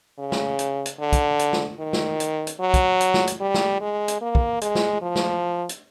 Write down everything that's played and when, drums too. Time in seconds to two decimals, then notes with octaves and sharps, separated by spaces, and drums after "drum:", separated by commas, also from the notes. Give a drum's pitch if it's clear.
0.19 C#3
0.32 drum: snare
0.59 drum: hi-hat
0.86 drum: hi-hat
0.99 D3
1.13 drum: kick, hi-hat
1.39 drum: hi-hat
1.53 drum: snare
1.79 D#3
1.93 drum: snare
2.20 drum: hi-hat
2.47 drum: hi-hat
2.60 F#3
2.74 drum: kick, hi-hat
3.01 drum: hi-hat
3.14 drum: snare
3.27 drum: hi-hat
3.41 G3
3.54 drum: snare
3.81 G#3
4.08 drum: hi-hat
4.21 A#3
4.35 drum: kick
4.62 G#3, drum: hi-hat
4.75 drum: snare
5.02 F3
5.16 drum: snare
5.69 drum: hi-hat